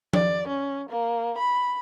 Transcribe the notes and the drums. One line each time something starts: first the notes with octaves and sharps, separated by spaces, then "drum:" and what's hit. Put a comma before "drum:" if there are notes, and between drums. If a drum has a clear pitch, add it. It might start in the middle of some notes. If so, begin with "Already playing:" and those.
D5, drum: tom F3
C#4
A#3
B5